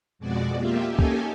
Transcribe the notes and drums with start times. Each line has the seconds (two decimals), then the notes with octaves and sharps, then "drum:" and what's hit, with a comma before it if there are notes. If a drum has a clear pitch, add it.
0.19 F2 B2 G#3 F#4 D5
0.57 A#3 F4 G4 E5
0.88 A#3 C#4 D#4 G4 A4 G#5
0.99 drum: kick